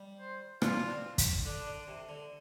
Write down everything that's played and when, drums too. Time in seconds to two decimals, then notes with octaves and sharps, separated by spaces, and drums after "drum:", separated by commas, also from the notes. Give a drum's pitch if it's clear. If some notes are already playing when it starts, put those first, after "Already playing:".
Already playing: G3
0.20 C5
0.62 D4 F4, drum: rim click
0.79 D4
0.90 C4
1.18 drum: kick, hi-hat
1.45 D3 D4
1.67 D3
1.88 C3
2.09 D3